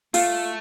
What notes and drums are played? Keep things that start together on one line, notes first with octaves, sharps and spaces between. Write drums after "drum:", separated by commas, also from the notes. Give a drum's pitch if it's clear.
A3 F4, drum: open hi-hat